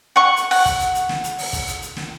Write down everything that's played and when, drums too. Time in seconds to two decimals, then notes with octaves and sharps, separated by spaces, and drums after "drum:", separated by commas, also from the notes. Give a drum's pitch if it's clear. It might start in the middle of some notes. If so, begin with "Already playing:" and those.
0.16 F#5 C#6
0.36 drum: hi-hat
0.51 F#5, drum: open hi-hat
0.66 drum: kick, hi-hat
0.80 drum: hi-hat
0.95 drum: hi-hat
1.09 drum: snare
1.24 drum: hi-hat
1.38 drum: open hi-hat
1.53 drum: kick, hi-hat
1.67 drum: hi-hat
1.82 drum: hi-hat
1.97 drum: snare